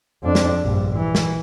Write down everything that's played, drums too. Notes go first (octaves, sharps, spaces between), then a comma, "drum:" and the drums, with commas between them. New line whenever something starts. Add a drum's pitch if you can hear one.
F2 D4
drum: snare
A#1 G2
E3
drum: snare